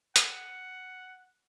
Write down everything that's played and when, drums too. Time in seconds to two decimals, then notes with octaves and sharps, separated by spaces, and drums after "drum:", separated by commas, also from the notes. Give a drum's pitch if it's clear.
0.16 F#5, drum: hi-hat